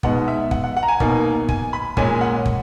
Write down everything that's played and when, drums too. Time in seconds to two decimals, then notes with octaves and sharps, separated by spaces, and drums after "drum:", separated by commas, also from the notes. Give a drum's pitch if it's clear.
0.03 B2 G#3 B3 D#4 F#5, drum: kick
0.28 E5
0.51 F#5, drum: kick
0.64 F#5
0.77 F#5
0.83 A#5
0.88 G#5
1.00 B2 A#3 D#4, drum: kick
1.49 G#5, drum: kick
1.73 B5
1.97 A#2 G#3 C#4 G#5, drum: kick
2.21 F#5
2.46 drum: kick